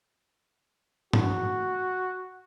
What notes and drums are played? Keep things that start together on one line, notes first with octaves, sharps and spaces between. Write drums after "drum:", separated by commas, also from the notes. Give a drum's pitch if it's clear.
F#4, drum: tom G2